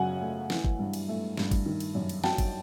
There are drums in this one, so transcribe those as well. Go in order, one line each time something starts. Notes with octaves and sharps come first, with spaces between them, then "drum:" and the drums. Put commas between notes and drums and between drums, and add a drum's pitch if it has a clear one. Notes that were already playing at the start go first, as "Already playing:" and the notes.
Already playing: F#2 C#3 F#3 F#5 G#5
A3
E3, drum: snare
drum: kick G1
G2
drum: cymbal
A3
G2, drum: snare
drum: kick G1, cymbal
D#3
drum: cymbal
F#2
drum: cymbal
F#3 G5 A5, drum: snare
drum: kick G1, cymbal